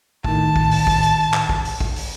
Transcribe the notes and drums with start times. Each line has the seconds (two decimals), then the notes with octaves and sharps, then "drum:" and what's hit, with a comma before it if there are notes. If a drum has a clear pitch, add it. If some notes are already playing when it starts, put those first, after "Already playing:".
0.24 A2 D#3 A5, drum: kick
0.56 drum: kick
0.71 drum: open hi-hat
0.87 drum: kick
1.02 drum: hi-hat
1.34 drum: clap
1.49 drum: kick
1.65 drum: open hi-hat
1.80 drum: kick
1.96 drum: open hi-hat